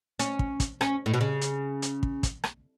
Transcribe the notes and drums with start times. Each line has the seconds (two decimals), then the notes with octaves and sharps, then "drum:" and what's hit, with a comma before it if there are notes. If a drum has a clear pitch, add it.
0.19 C#4, drum: hi-hat
0.39 drum: kick
0.60 drum: kick, hi-hat
0.81 C#4, drum: rim click
1.06 A2
1.14 B2
1.21 C#3
1.41 drum: hi-hat
1.82 drum: hi-hat
2.03 drum: kick
2.23 drum: kick, hi-hat
2.44 drum: rim click